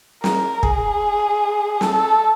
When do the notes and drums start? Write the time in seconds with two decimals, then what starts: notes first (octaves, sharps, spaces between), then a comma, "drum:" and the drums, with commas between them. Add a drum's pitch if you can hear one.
0.24 A#4, drum: snare
0.63 G#4, drum: kick
1.81 A4, drum: snare